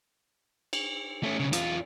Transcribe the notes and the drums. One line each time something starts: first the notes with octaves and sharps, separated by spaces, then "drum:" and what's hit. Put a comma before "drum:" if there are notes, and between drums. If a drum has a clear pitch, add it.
drum: cymbal
A3 C#4
B1 C#3
E2 F4, drum: hi-hat